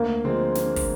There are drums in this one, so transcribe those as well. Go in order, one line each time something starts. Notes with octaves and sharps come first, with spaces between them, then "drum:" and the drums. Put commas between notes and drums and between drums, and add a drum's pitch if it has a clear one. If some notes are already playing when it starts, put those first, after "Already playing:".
Already playing: D2 A#3
D3 F3 G#3 C4
drum: snare
drum: kick, open hi-hat